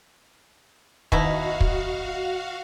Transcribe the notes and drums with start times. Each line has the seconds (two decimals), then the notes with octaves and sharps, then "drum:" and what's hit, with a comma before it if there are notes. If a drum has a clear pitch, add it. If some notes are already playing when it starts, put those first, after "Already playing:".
1.12 B2 D#3 D#4 E4 F#4 F5, drum: kick
1.60 drum: kick